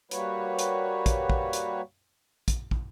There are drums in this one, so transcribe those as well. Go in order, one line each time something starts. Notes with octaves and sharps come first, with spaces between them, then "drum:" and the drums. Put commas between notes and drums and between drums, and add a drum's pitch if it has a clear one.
G3 A#3 F#4 B4 C#5, drum: hi-hat
drum: hi-hat
drum: kick, hi-hat
drum: kick
drum: hi-hat
drum: kick, hi-hat
drum: kick